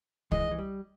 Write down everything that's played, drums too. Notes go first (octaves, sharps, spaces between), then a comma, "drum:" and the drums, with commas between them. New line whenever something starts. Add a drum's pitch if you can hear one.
E3 G#3 D#5, drum: kick
E3
G3